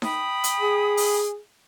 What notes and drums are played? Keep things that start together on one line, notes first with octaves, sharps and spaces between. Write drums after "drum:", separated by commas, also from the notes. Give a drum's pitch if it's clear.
G5 B5 D#6, drum: snare D#4
drum: hi-hat
G#4
drum: open hi-hat